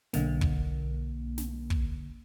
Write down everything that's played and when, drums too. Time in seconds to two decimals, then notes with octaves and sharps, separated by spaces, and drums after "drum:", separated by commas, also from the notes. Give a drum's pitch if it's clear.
0.13 B1 D3 A#3, drum: snare
0.41 drum: kick
1.38 drum: snare
1.70 drum: kick